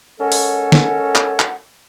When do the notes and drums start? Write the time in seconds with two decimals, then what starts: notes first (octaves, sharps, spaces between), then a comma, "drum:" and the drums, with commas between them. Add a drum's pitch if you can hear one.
0.20 G#3 C#4 A4 A#4 C#5 F#5
0.32 drum: open hi-hat
0.72 drum: snare
1.15 drum: clap
1.39 drum: clap